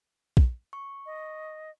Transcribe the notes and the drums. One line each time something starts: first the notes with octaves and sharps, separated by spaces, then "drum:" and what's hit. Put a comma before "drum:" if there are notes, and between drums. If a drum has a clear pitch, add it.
drum: kick
C#6
D#5